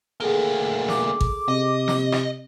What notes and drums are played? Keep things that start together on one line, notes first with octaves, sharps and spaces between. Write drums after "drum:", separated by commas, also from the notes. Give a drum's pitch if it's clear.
D2 A#3 G#4 A4 G7
D6, drum: snare
drum: kick G#1
C3 D#5
drum: snare
drum: rim click